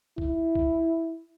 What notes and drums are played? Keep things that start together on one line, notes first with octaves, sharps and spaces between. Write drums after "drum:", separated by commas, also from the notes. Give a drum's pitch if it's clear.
E4, drum: kick
drum: kick